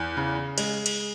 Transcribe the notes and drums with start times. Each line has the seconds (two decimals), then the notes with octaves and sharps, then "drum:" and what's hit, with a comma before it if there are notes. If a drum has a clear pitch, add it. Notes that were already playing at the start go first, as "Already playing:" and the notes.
Already playing: E2
0.17 C#3
0.58 G#3, drum: cymbal
0.86 drum: cymbal